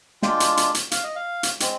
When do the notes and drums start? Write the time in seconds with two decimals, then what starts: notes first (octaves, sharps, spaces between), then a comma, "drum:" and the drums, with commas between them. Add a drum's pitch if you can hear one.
0.23 G#3 D4 F4 G5, drum: snare
0.40 drum: hi-hat
0.57 drum: hi-hat
0.74 drum: hi-hat
0.91 F5, drum: hi-hat
1.04 D#5
1.16 F5
1.43 drum: hi-hat
1.60 G#3 C4, drum: hi-hat